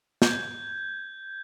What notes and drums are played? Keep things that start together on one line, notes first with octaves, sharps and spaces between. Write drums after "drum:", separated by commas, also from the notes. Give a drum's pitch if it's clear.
G6 G#6, drum: snare